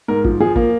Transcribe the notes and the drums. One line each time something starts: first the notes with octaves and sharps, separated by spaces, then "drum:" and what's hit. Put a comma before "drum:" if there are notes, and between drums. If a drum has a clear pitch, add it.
G#2 A#4
F3, drum: kick A1
F3 G#4
A#3, drum: kick A1